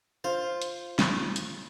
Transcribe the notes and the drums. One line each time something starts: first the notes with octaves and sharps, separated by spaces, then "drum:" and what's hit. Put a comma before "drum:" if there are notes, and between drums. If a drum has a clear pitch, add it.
F4 C5
drum: hi-hat
drum: snare
drum: hi-hat